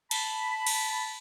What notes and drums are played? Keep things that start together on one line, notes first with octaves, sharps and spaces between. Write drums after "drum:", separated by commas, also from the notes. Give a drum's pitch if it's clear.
A5 B5, drum: cymbal
drum: cymbal